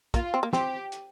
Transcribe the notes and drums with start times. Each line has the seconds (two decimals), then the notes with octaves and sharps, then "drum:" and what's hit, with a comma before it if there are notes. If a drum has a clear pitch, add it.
0.14 A#3 F4, drum: kick, hi-hat
0.34 C4
0.43 A#3
0.53 C4 G4, drum: snare
0.92 drum: hi-hat